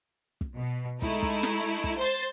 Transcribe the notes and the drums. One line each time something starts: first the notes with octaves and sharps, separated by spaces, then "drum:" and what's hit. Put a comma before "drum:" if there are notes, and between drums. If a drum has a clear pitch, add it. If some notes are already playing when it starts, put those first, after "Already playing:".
drum: kick
B2
G#3 A3 D#4 E4, drum: kick
drum: kick
drum: snare
drum: kick
C5 C6 A6